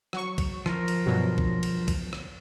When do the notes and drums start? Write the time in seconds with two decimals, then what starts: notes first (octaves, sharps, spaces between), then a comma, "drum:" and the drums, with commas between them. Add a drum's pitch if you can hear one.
0.13 F#3 C#6, drum: rim click
0.38 drum: kick B1, cymbal
0.66 F3 A#4, drum: rim click
0.88 drum: cymbal
1.06 G2 B2 F#3
1.38 drum: kick B1
1.63 drum: cymbal
1.88 drum: kick B1, cymbal
2.13 drum: rim click